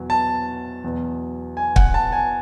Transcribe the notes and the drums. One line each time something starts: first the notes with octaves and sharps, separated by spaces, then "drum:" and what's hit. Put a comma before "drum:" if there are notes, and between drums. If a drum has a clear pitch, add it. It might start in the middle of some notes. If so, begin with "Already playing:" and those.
Already playing: E2 B2 F#3
A5
E2 B2 F#3
G#5
F#5, drum: kick
A5
G#5